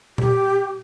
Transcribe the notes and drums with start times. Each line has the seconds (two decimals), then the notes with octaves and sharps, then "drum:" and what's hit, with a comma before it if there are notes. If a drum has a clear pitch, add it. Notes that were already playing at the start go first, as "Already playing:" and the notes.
0.18 G4, drum: tom A#2